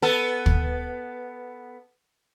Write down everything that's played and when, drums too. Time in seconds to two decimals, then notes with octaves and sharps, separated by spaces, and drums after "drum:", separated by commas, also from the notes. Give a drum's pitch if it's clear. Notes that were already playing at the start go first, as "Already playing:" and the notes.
0.02 B3 A4
0.46 drum: kick